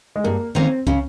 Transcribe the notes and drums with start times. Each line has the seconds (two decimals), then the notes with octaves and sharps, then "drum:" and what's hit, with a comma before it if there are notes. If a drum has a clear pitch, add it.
0.16 G#3
0.24 G2 A#3
0.55 D#3 A#3 C4 C#4
0.87 C#3 C#4, drum: kick